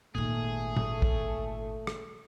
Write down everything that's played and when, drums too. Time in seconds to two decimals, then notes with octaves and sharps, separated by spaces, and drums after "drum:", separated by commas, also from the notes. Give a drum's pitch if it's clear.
0.15 G#1 A#2 D#3 A3 G#4 A4
0.77 drum: tom
1.02 drum: kick
1.87 drum: rim click